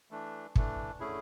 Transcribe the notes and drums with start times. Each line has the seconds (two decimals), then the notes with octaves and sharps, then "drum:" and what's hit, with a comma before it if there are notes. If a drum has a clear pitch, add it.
0.11 E3 A3 D4
0.56 E3 A3 D4, drum: kick
1.00 D3 A3 C#4 E4 G#4